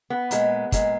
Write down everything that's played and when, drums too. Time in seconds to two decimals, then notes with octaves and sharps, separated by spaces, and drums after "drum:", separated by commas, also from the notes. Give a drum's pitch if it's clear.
0.10 B3
0.31 A#2 G#3, drum: hi-hat
0.72 A#2 G#3, drum: kick, hi-hat